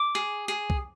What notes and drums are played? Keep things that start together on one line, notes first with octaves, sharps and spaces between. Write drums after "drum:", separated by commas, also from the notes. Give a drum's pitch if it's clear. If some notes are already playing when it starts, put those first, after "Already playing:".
Already playing: D6
G#4
G#4
drum: kick C2